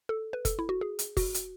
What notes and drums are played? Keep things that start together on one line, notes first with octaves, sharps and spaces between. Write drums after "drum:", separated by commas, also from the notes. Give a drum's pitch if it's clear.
A4
B4
A4, drum: kick, hi-hat
E4
F#4
G#4
drum: hi-hat
F#4, drum: kick, open hi-hat
drum: hi-hat